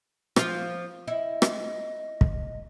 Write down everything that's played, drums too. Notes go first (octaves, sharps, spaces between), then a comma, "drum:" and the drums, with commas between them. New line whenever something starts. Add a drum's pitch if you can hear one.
F3 F4, drum: rim click
E4 D#5
drum: rim click
drum: kick